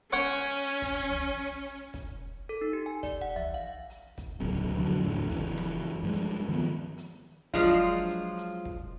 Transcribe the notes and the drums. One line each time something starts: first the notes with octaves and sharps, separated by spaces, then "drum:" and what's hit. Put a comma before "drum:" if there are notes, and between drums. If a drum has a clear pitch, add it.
C#4 C#5 F#5 G5
drum: hi-hat
drum: kick, hi-hat
drum: tom
drum: hi-hat
drum: hi-hat
drum: kick, hi-hat
A4
D#4
G4
G#5
D5, drum: kick, hi-hat
F#5
E5, drum: tom
F5
drum: hi-hat
drum: kick, hi-hat
D1 B1 C#3
F2 D3 E3 F#3
F1 D2 A2 D3
F#1 E3, drum: kick, hi-hat
drum: tom F3
G2 F3 G#3
drum: hi-hat
D#3 F3 A3 B3
drum: hi-hat
F3 F#3 G#3 D4 F4, drum: kick, hi-hat
drum: hi-hat
drum: hi-hat
drum: kick